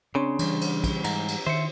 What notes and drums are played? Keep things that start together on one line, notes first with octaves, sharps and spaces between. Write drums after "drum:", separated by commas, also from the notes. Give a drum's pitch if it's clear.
C#3 C4 D4 C#5 C6
E3 G3, drum: cymbal
drum: cymbal
drum: kick, cymbal
G#2 A#5, drum: cymbal
drum: cymbal
D#3 C5 E5 C#7